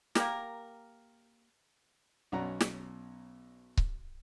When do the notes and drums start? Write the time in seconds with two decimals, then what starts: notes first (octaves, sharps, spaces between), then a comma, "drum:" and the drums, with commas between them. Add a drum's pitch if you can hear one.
0.15 A#3 G4 A#4, drum: snare
2.32 B1 B2 C#4 D5 F#5 A#5
2.60 drum: snare
3.77 drum: kick C#1